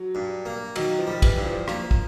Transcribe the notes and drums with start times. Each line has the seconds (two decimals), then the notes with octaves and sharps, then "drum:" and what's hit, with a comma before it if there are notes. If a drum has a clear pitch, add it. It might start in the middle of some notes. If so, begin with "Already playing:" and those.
Already playing: F#3
0.15 G2
0.46 A#3
0.76 D#3 F#3, drum: cymbal
0.99 F3
1.07 G3
1.22 E3, drum: kick, cymbal
1.38 G2
1.45 F3
1.68 F3 A#3, drum: rim click
1.91 drum: kick